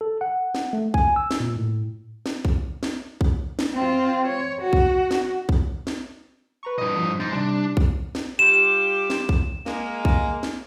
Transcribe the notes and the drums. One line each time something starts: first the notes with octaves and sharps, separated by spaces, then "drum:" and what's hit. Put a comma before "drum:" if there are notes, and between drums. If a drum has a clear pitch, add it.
A4
F#5
drum: snare
A3
G#5, drum: kick B1
E6
drum: snare
A#2
A2
drum: snare
drum: kick B1
drum: snare
drum: kick B1
drum: snare
C4 F4
C#5
F#4
drum: kick B1
drum: snare
drum: kick B1
drum: snare
B4 A#5 C#6
G2 A#2 B4 D#5
F3
D#4 C5 A6
C3 G3 D4
drum: kick B1
drum: snare
G3 F4 G4 E7
drum: snare
drum: kick B1
G#3 A#3, drum: snare
drum: kick B1
drum: snare